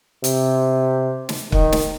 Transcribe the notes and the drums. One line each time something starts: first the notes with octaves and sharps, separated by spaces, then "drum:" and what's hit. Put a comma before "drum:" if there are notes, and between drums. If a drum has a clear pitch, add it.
C3, drum: hi-hat
drum: snare
D#3, drum: kick
drum: snare